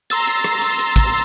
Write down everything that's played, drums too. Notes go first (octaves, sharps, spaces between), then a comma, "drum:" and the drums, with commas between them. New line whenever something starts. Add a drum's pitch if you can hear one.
A#5 C6 E6 A6, drum: hi-hat
drum: hi-hat
drum: rim click
drum: hi-hat
drum: hi-hat
drum: kick, hi-hat